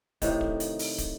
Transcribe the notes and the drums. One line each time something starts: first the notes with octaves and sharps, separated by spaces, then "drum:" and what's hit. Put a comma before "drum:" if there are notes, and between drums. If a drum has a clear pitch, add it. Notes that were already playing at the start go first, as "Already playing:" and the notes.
A2 C3 D#3, drum: kick, hi-hat
drum: kick
drum: hi-hat
drum: open hi-hat
drum: kick, hi-hat